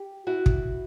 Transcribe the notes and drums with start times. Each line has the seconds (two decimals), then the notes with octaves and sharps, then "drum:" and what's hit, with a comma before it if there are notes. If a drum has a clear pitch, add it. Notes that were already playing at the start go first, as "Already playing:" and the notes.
Already playing: G4
0.27 E4 F#4
0.46 drum: kick